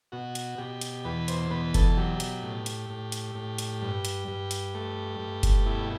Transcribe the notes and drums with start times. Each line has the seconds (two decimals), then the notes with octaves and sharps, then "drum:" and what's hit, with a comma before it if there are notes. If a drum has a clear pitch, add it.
0.12 B2 F#4
0.35 drum: hi-hat
0.58 B2 G4
0.81 drum: hi-hat
1.05 E2 B4
1.28 C5, drum: hi-hat
1.51 B2 B4
1.74 A4, drum: kick F#1, hi-hat
1.97 F#3 G4
2.20 drum: hi-hat
2.43 A2
2.66 drum: hi-hat
2.90 A2
3.12 drum: hi-hat
3.35 A2
3.58 drum: hi-hat
3.82 G2
4.05 drum: hi-hat
4.28 G2
4.51 drum: hi-hat
4.74 A3
5.20 G2
5.43 drum: kick F#1, hi-hat
5.66 B2 E4